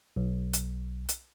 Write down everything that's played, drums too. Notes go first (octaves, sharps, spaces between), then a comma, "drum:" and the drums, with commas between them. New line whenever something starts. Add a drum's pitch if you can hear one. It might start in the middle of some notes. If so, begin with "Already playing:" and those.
B1
drum: hi-hat
drum: hi-hat